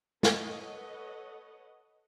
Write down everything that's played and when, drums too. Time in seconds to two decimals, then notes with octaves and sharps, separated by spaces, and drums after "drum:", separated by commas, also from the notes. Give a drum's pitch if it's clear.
0.23 A4 B4 C#5 D#5 F#5, drum: snare